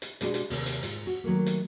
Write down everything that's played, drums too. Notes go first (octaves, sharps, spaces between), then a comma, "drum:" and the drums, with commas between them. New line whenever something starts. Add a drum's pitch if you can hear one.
drum: hi-hat
B2 G#3 D4 E4 F#4 G4, drum: hi-hat
drum: hi-hat
D#2 C3, drum: open hi-hat
drum: hi-hat
G#2 F4, drum: hi-hat
F#4
D#3 F#3 A3 A#3
drum: hi-hat